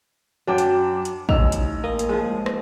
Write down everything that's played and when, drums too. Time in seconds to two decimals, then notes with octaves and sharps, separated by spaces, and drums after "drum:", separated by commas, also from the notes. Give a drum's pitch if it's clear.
0.47 F#2 F#3 D4 G5 D6
0.58 drum: hi-hat
1.05 drum: hi-hat
1.29 A1 D#4 E6 F7, drum: kick
1.52 drum: hi-hat
1.84 A#3 D#5
1.99 drum: hi-hat
2.09 F3 G#3
2.46 drum: rim click